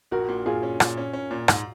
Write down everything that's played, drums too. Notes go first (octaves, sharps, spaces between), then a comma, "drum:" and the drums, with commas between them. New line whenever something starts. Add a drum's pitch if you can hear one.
A#1 F#4 A#4
A#2
A#2 F4 G#4
C#4
A#2, drum: rim click
C#4
C#4
A#2
G#2, drum: rim click